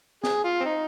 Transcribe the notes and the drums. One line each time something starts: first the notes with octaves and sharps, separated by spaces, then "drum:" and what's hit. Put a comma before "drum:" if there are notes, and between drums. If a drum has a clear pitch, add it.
G#4, drum: snare
F4
C4
D#4